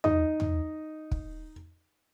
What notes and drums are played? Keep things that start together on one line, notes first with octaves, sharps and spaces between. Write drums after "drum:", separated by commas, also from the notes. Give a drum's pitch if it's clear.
D#4 D#5, drum: tom
drum: tom
drum: kick